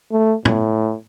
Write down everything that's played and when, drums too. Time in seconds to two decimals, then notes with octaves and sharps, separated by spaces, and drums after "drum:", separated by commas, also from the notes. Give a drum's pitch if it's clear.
0.12 A3
0.45 A2, drum: tom